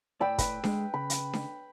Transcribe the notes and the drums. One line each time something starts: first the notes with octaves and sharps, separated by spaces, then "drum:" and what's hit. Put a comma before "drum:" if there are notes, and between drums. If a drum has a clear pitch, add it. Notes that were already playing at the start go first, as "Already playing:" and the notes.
A2 D5 G5 B5 E6
B4, drum: kick, hi-hat
G#3, drum: snare D4
C#3 B5
drum: hi-hat
drum: snare D4